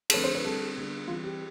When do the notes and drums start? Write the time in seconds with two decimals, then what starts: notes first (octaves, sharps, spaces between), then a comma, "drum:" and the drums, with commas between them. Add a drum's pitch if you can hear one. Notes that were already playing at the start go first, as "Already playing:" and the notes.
0.10 A4, drum: cymbal
0.14 D3 F3 A3 C4 B4
0.24 C5
0.35 B4
0.45 D3 G3 C4 A4
0.77 D3 G3 B3
1.07 E3 G3 C4 F4
1.24 G4